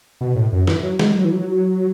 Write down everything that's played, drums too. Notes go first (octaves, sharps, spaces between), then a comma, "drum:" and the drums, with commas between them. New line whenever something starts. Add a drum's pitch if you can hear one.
B2
A2
F#2
E3, drum: snare
F#3
G#3, drum: snare
F#3
E3
F#3